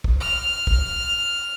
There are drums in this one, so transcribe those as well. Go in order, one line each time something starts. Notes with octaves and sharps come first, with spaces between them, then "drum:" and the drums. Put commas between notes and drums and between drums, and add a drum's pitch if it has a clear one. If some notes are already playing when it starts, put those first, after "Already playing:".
drum: kick
F6
drum: kick